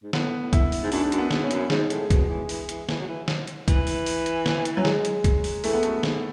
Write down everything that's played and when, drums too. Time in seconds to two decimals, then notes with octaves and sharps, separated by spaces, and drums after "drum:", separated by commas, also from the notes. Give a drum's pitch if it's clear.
0.03 G#2
0.13 A2 B3, drum: snare
0.40 A2
0.53 E4, drum: kick, hi-hat
0.72 drum: open hi-hat
0.84 G#2
0.92 F#2 D4, drum: open hi-hat
1.03 G#2
1.12 F#2, drum: hi-hat
1.18 B3
1.31 G#2, drum: snare
1.44 C#4
1.51 F#2, drum: hi-hat
1.70 G#2 G#3, drum: snare
1.90 A2, drum: hi-hat
2.10 B2, drum: kick, hi-hat
2.29 E3
2.49 E3, drum: open hi-hat
2.69 E3, drum: hi-hat
2.89 E3, drum: snare
3.00 F#3
3.08 E3
3.28 drum: snare
3.47 drum: hi-hat
3.68 E3, drum: kick, hi-hat
3.87 drum: open hi-hat
4.06 drum: open hi-hat
4.26 drum: hi-hat
4.46 drum: snare
4.65 drum: hi-hat
4.77 F#3
4.85 G#3, drum: snare
5.05 drum: hi-hat
5.24 drum: kick, hi-hat
5.44 drum: open hi-hat
5.64 E3 A3, drum: open hi-hat
5.73 B3
5.83 F#2 A3, drum: hi-hat
6.03 G#2, drum: snare